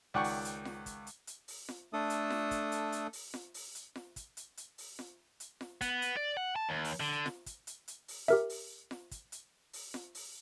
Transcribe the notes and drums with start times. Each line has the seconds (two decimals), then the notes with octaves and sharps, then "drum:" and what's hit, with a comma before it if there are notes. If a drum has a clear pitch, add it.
0.14 C#2 D#3 D5 F#5 G5 C#6
0.24 drum: open hi-hat
0.45 drum: hi-hat
0.65 drum: snare F4
0.86 drum: kick, hi-hat
1.07 drum: hi-hat
1.27 drum: hi-hat
1.48 drum: open hi-hat
1.69 drum: snare F4
1.93 A3 D4 A4 D#6
2.10 drum: hi-hat
2.30 drum: snare F4
2.51 drum: kick, hi-hat
2.72 drum: hi-hat
2.92 drum: hi-hat
3.13 drum: open hi-hat
3.34 drum: snare F4
3.54 drum: open hi-hat
3.75 drum: hi-hat
3.96 drum: snare F4
4.16 drum: kick, hi-hat
4.37 drum: hi-hat
4.57 drum: hi-hat
4.78 drum: open hi-hat
4.99 drum: snare F4
5.40 drum: hi-hat
5.61 drum: snare F4
5.81 B3, drum: kick, hi-hat
6.02 drum: hi-hat
6.17 D5
6.37 F#5
6.56 A5
6.69 D#2
6.84 drum: open hi-hat
7.00 D3
7.26 drum: snare F4
7.46 drum: kick, hi-hat
7.67 drum: hi-hat
7.88 drum: hi-hat
8.08 drum: open hi-hat
8.28 G4 A#4 E5, drum: snare F4
8.50 drum: open hi-hat
8.91 drum: snare F4
9.11 drum: kick, hi-hat
9.32 drum: hi-hat
9.73 drum: open hi-hat
9.94 drum: snare F4
10.15 drum: open hi-hat